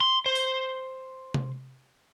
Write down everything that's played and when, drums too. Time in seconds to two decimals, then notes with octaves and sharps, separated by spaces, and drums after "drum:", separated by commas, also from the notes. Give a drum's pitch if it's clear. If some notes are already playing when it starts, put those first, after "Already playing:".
0.01 C6
0.26 C5
0.35 drum: open hi-hat
1.34 drum: tom C3